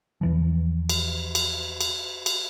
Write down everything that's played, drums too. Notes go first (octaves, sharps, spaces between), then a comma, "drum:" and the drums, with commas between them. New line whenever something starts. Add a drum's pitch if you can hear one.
E2 E3 F3
drum: cymbal
drum: cymbal
drum: cymbal
drum: cymbal